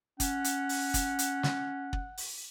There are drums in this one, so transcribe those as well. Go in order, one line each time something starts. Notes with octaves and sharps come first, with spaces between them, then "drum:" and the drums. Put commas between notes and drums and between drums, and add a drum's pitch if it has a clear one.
C#4 F#5, drum: kick, hi-hat
drum: hi-hat
drum: open hi-hat
drum: kick, hi-hat
drum: hi-hat
drum: snare
drum: kick
drum: open hi-hat